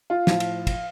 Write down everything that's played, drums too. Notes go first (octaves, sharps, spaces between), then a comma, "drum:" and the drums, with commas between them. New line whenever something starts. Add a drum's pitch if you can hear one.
F4
A2 F3, drum: snare
drum: cymbal
drum: kick, cymbal